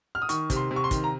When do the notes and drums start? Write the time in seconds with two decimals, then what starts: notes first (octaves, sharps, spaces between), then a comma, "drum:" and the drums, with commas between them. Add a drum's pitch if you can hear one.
0.15 F6
0.22 D#6
0.29 D#3 C#6, drum: hi-hat
0.50 C3, drum: kick, hi-hat
0.56 C6
0.71 C3
0.76 C#6
0.84 C6
0.91 D#3, drum: kick, hi-hat
1.04 A#5